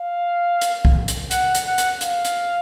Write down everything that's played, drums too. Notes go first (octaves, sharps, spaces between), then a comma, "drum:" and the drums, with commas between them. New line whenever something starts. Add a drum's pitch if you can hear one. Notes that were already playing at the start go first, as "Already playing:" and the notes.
Already playing: F5
drum: hi-hat
drum: kick B1
drum: hi-hat
F#5, drum: hi-hat
drum: hi-hat
F#5
drum: hi-hat
F5, drum: hi-hat
drum: hi-hat